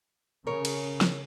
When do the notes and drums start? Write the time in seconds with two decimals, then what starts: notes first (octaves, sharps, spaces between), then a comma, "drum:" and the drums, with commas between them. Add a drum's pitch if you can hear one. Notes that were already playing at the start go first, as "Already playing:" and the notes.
0.47 C#3 A#4 C#5
0.65 drum: cymbal
1.01 drum: snare